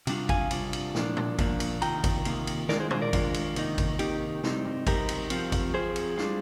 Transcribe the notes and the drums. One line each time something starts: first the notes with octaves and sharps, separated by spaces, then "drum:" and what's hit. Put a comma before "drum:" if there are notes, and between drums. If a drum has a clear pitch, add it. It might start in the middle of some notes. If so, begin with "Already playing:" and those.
C3 G3 D4 F4, drum: cymbal
F5 G#5, drum: kick G#1, cymbal
C3 G3 D4 F4, drum: cymbal
drum: cymbal
A#2 F3 A#3 D4, drum: snare
drum: tom A#2
A#2 F3 A#3 D4, drum: kick G#1, cymbal
drum: cymbal
C3 D#3 A#3 F4 G5 A#5, drum: cymbal
drum: kick G#1, cymbal
C3 D#3 A#3 F4, drum: cymbal
drum: cymbal
D#3 G#3 D4 F4 A#4 D5, drum: snare
G#4 C5
G#4 C5, drum: tom A#2
A#4 D5
D#3 G#3 D4 F4, drum: kick G#1, cymbal
drum: cymbal
C3 D#3 A#3 D#4, drum: cymbal
drum: kick G#1, cymbal
C3 D#3 A#3 D#4 G4, drum: cymbal
C3 G3 C4 D#4, drum: snare
drum: tom G2
C3 G3 C4 D#4 G4 A#4, drum: kick G#1, cymbal
drum: cymbal
F3 C4 F4, drum: cymbal
drum: kick G#1, cymbal
F3 C4 F4 G#4 C5
drum: cymbal
G3 D4 F4, drum: snare